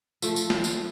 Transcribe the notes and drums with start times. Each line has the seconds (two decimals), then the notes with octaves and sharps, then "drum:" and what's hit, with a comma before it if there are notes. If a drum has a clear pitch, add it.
0.22 F3 A3, drum: tambourine
0.36 drum: tambourine
0.50 drum: snare
0.64 drum: tambourine